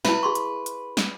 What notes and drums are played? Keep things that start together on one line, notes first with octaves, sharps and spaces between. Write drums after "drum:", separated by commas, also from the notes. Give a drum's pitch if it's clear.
E4 B4 E5, drum: snare
G#4 C6 C#6
drum: hi-hat
drum: hi-hat
drum: snare